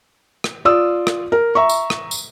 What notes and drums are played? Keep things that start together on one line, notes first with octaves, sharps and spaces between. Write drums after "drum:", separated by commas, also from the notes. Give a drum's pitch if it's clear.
drum: rim click
F4 D5 D#6 E6
drum: rim click
A#4
E5 A#5 C#6
drum: tambourine
drum: rim click
drum: tambourine